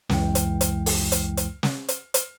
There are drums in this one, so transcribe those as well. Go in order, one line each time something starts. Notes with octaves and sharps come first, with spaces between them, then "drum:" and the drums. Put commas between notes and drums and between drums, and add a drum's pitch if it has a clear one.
C#2 F#2 E3 G#3 E4 G5, drum: snare
drum: hi-hat
drum: hi-hat
drum: open hi-hat
drum: hi-hat
drum: hi-hat
drum: snare
drum: hi-hat
drum: hi-hat